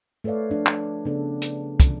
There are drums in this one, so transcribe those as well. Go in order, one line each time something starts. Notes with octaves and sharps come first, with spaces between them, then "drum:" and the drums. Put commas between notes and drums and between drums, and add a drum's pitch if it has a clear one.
A3 A4 B4 C#5 D5 F5
F3 D4
A3, drum: clap
C#3 B3 D4 A4
drum: hi-hat
drum: kick, hi-hat